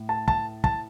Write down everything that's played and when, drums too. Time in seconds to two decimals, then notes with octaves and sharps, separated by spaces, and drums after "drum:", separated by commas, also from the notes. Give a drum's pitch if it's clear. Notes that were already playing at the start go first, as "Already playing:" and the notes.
Already playing: A2
0.09 A5
0.28 A5, drum: kick
0.64 A5, drum: kick